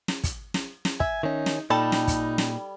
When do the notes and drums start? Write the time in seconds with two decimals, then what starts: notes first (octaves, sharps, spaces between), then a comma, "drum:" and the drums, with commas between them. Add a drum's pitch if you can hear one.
0.08 drum: snare
0.24 drum: kick, hi-hat
0.54 drum: snare
0.85 drum: snare
1.00 E5 G#5, drum: kick
1.23 D#3 C#4 D#4
1.46 drum: snare
1.70 A#2 G3 D#4 A4 G5 A5 B5
1.92 drum: snare
2.07 drum: kick, hi-hat
2.38 drum: snare